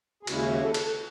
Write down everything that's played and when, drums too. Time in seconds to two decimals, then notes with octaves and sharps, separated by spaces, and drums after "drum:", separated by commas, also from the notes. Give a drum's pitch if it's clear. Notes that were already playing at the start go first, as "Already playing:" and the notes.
0.23 G#4
0.27 D#2 C#3 G#3 C#4 E4 F#4, drum: cymbal
0.40 F#4
0.51 F#4
0.63 A4
0.74 A4, drum: cymbal
0.86 A4